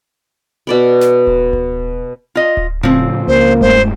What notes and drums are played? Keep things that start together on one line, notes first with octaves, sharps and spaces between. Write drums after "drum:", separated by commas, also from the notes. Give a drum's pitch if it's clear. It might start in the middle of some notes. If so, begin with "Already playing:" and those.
B2 D5 B5
drum: snare
drum: kick D1
drum: kick D1
F4 D#5
drum: kick D1
A2 C#3 F3 C4
C#2 A#3 C5
F#2 G#3 A3 C5, drum: kick D1